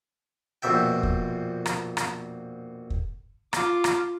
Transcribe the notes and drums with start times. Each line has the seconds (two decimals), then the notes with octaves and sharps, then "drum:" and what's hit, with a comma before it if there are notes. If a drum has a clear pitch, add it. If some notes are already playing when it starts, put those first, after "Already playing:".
0.62 A#1 F2 B2 E5 G5
1.03 drum: kick
1.66 drum: rim click
1.97 drum: rim click
2.90 drum: kick
3.53 F4 D6, drum: rim click
3.84 drum: rim click